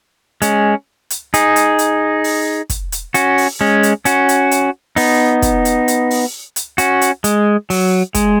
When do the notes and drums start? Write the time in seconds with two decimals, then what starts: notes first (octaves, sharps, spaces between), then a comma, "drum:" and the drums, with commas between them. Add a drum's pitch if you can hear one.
0.42 G#3 C#4, drum: hi-hat
1.10 drum: hi-hat
1.34 D#4 G#4, drum: hi-hat
1.56 drum: hi-hat
1.79 drum: hi-hat
2.24 drum: open hi-hat
2.70 drum: kick, hi-hat
2.92 drum: hi-hat
3.14 C#4 F#4, drum: hi-hat
3.38 drum: open hi-hat
3.61 G#3 C#4
3.83 drum: hi-hat
4.05 C#4 F#4, drum: hi-hat
4.29 drum: hi-hat
4.51 drum: hi-hat
4.96 B3 D#4, drum: open hi-hat
5.42 drum: kick, hi-hat
5.65 drum: hi-hat
5.88 drum: hi-hat
6.11 drum: open hi-hat
6.56 drum: hi-hat
6.78 C#4 F#4, drum: hi-hat
7.01 drum: hi-hat
7.24 G#3, drum: hi-hat
7.70 F#3, drum: open hi-hat
8.15 G#3, drum: kick, hi-hat